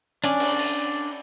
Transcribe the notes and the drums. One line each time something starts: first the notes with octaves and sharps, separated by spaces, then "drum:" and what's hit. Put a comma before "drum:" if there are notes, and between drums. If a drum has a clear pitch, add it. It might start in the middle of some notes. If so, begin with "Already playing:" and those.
C#4 D4 D5, drum: hi-hat
drum: cymbal
drum: open hi-hat